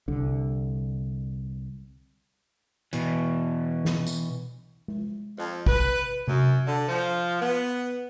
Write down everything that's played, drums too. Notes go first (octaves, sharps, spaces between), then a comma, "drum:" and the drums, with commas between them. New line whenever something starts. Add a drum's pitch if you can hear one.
C2 D3
B2 E3, drum: hi-hat
drum: snare
drum: tambourine
drum: tom G#3
F2
B4, drum: kick
F#2, drum: tom C3
D3
F3
B3